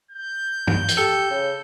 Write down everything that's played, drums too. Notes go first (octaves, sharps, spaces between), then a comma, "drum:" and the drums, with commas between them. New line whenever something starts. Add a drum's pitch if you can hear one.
G6
drum: tom G2
drum: hi-hat
G4 A4
C#3